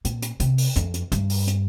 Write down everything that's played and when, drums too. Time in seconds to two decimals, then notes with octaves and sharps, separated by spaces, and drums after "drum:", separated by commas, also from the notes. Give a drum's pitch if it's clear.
0.05 A#2, drum: hi-hat
0.22 drum: hi-hat
0.40 C3, drum: hi-hat
0.58 drum: open hi-hat
0.76 F2, drum: hi-hat
0.94 drum: hi-hat
1.12 G2, drum: hi-hat
1.29 drum: open hi-hat
1.47 drum: hi-hat